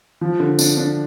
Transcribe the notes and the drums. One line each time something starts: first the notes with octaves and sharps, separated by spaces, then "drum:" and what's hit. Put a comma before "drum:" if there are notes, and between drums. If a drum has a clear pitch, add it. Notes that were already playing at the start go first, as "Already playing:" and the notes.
F3
D3
D4, drum: tambourine
D4